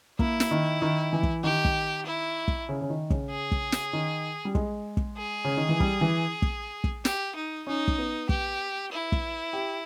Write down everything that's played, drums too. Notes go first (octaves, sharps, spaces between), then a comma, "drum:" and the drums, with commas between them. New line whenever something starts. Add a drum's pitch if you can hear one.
A#3 E4, drum: kick
drum: snare
D#3
D#3
E3
drum: kick
D#3 G4
drum: kick
E4
drum: kick
C#3
C#3
D#3
C#3, drum: kick
G#4
drum: kick
drum: snare
D#3
G3
G#3, drum: kick
drum: kick
G#4
C#3
D#3
E3
G3, drum: kick
E3
drum: kick
drum: kick
G4, drum: snare
D#4
C#4 D#4
drum: kick
B3
G4, drum: kick
E4
drum: kick
G4